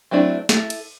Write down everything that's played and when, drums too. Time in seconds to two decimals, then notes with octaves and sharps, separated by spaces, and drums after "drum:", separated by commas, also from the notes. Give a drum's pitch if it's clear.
0.11 F#3 A3 C4 D4 E4
0.49 E4 A4, drum: snare
0.70 drum: cymbal